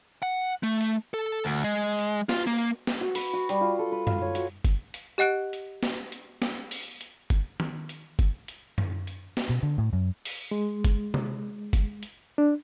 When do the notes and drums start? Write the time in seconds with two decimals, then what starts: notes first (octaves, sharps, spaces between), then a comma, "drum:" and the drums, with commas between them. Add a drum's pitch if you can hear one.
0.23 F#5
0.63 A3
0.81 drum: hi-hat
1.14 A4
1.45 D2
1.64 G#3
1.99 drum: hi-hat
2.29 F4, drum: snare
2.47 A#3
2.58 drum: hi-hat
2.87 drum: snare
3.01 F#4
3.15 B4, drum: open hi-hat
3.33 F#4
3.49 G3, drum: hi-hat
3.61 F4
3.79 A4
3.92 B4
4.07 F5, drum: tom F#2
4.22 C#5
4.35 F#4, drum: hi-hat
4.65 drum: kick, hi-hat
4.94 drum: hi-hat
5.18 G4 D#5 F#5 F#6 D7
5.53 drum: hi-hat
5.83 drum: snare
6.12 drum: hi-hat
6.42 drum: snare
6.71 drum: open hi-hat
7.01 drum: hi-hat
7.30 drum: kick, hi-hat
7.60 drum: tom D#3
7.89 drum: hi-hat
8.19 drum: kick, hi-hat
8.48 drum: hi-hat
8.78 drum: tom F#2
9.07 drum: hi-hat
9.37 drum: snare
9.49 B2
9.63 D3
9.78 A2
9.93 F#2
10.25 drum: open hi-hat
10.51 G#3
10.85 drum: kick, hi-hat
11.14 drum: tom C3
11.73 drum: kick, hi-hat
12.03 drum: hi-hat
12.38 D4